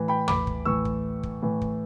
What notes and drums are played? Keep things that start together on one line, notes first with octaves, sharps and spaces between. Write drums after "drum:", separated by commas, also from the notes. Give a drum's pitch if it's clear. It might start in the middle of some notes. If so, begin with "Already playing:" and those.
Already playing: A2 E3
G5 B5
B5 D6, drum: tom
drum: kick
A2 E3 C#6 E6
drum: kick
drum: kick
A2 E3
drum: kick